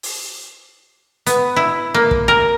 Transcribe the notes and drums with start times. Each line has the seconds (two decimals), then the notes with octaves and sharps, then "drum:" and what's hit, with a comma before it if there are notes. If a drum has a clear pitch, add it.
0.03 drum: open hi-hat
1.26 B3, drum: hi-hat
1.56 E4
1.94 A#3
2.11 drum: kick
2.28 A#4